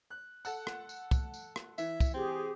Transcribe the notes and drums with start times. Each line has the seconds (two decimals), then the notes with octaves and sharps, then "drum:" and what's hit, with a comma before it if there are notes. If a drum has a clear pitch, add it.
0.10 F#6
0.45 A4 F#5, drum: tambourine
0.67 drum: rim click
0.89 drum: tambourine
1.11 drum: kick, tambourine
1.34 drum: tambourine
1.56 drum: rim click
1.78 E3 E5, drum: tambourine
2.00 drum: kick, tambourine
2.14 C4 G4 G#4